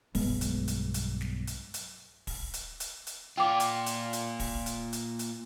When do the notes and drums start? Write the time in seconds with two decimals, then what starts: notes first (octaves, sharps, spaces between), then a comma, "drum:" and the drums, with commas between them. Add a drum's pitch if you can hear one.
0.15 B1 G2 G#3 B3, drum: kick, open hi-hat
0.41 drum: hi-hat
0.68 drum: hi-hat
0.94 drum: hi-hat
1.21 drum: snare
1.47 drum: hi-hat
1.74 drum: hi-hat
2.27 drum: kick, open hi-hat
2.54 drum: hi-hat
2.80 drum: hi-hat
3.07 drum: hi-hat
3.37 A#3 F4 G5 D6
3.60 drum: hi-hat
3.87 drum: hi-hat
4.13 drum: hi-hat
4.40 drum: kick, open hi-hat
4.66 drum: hi-hat
4.93 drum: hi-hat
5.19 drum: hi-hat